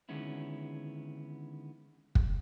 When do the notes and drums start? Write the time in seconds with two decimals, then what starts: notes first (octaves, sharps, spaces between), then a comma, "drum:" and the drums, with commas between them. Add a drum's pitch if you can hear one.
0.09 D3 D#3 G#3 B3 C#4 E4
2.15 drum: kick